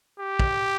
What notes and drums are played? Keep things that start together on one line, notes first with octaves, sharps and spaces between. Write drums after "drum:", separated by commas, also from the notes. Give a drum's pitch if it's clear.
G4
drum: kick